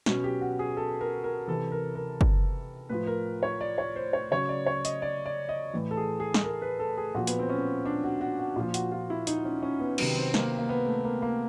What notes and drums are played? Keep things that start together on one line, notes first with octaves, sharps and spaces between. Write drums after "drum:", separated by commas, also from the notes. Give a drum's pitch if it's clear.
B2 F#3 C#4, drum: snare
G4
F#4
G#4
A4
A#4
A#4
C3 E3 A4
A#4
A#4
drum: kick
A2 F3 B4
A#4
C#5
D5
C#5
C5
C#5
C#3 F#3 C#5
D5
C#5
D#5, drum: hi-hat
D5
D5
D#5
A2 E3
A4
G#4
G#4
drum: snare
A#4
B4
A4
G#4
A#2 F3 F#4
B3, drum: hi-hat
C4
C#4
D4
F#4
F#4
F#4
A#2 F3 F4
F#4, drum: hi-hat
F4
E4
D#4, drum: hi-hat
C#4
C#4
B3
C3 D#3 F#3 B3, drum: cymbal
C4
A#3, drum: snare
A#3
B3
A3
A#3
A#3